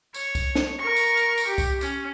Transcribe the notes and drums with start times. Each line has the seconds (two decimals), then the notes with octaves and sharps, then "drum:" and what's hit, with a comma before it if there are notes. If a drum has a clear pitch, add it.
0.14 C#5, drum: tambourine
0.35 drum: kick C2, tambourine
0.55 drum: snare
0.80 A#4 C#6
0.97 drum: tambourine
1.17 drum: tambourine
1.38 drum: tambourine
1.47 G4
1.58 drum: kick C2, tambourine
1.81 C#4, drum: tambourine